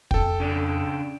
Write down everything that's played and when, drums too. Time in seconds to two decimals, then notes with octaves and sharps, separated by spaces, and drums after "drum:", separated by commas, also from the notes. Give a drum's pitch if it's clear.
0.11 F2 A4 G5, drum: kick
0.40 C#3 D4